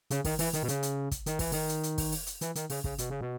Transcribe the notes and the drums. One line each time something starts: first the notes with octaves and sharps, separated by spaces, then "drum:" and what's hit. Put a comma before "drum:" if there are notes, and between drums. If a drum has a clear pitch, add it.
C#3, drum: hi-hat
D#3, drum: kick, open hi-hat
E3, drum: open hi-hat
D#3, drum: hi-hat
B2
C#3, drum: hi-hat
drum: hi-hat
drum: kick, hi-hat
D#3, drum: hi-hat
E3, drum: kick, open hi-hat
D#3, drum: open hi-hat
drum: hi-hat
drum: hi-hat
drum: kick, open hi-hat
drum: open hi-hat
drum: hi-hat
E3, drum: hi-hat
D#3, drum: hi-hat
C#3, drum: open hi-hat
C#3, drum: kick
B2, drum: hi-hat
C#3
B2